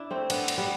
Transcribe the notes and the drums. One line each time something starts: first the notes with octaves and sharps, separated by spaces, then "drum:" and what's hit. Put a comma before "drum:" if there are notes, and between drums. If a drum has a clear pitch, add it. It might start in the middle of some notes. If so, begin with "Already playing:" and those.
Already playing: D4 E4
A3 C4
B3 D4, drum: cymbal
drum: cymbal
G3 B3